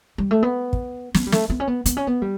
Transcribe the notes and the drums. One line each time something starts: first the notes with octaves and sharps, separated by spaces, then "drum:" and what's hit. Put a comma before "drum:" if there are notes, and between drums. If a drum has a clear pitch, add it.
G3
A3
B3
drum: kick
B3, drum: snare
G3
A3, drum: snare
B3
C#4
B3
B3, drum: hi-hat
C#4
B3
G3